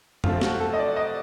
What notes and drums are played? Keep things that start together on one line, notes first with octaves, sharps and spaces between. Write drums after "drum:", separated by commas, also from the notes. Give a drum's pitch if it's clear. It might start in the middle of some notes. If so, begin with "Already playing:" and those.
C3 F3 A3 C4 F4, drum: tom F2
F#4, drum: snare
A4
D#5
D5
D#5